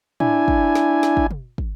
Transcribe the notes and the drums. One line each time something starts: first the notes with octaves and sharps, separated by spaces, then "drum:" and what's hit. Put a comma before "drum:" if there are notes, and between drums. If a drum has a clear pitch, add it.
D4 E4 G#5, drum: tom
drum: kick
drum: snare
drum: snare
drum: kick
drum: tom
drum: kick